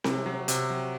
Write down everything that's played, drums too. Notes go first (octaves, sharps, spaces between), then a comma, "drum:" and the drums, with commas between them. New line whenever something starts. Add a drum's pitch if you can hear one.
C3, drum: snare C4
F#3
C3, drum: hi-hat
F#3